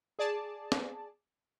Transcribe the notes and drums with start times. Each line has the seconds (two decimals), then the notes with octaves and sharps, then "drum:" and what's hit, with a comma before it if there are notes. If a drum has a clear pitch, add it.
0.19 G#4 D5 A5
0.72 drum: snare